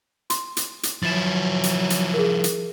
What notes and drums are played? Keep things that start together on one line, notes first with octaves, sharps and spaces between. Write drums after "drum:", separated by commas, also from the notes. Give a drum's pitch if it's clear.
C6, drum: hi-hat
drum: hi-hat
drum: hi-hat
F3 F#3 E4 A6 E7
drum: hi-hat
drum: hi-hat
G#4 A#4
drum: hi-hat